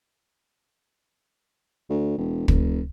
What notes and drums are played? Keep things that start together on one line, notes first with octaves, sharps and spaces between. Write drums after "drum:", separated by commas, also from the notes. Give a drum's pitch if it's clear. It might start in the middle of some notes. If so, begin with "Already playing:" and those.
D2
E1
F1, drum: kick